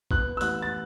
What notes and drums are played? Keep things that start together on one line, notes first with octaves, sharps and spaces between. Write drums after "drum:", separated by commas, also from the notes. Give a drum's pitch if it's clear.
B3 F#6, drum: kick
E6
A1 F#6, drum: hi-hat
A6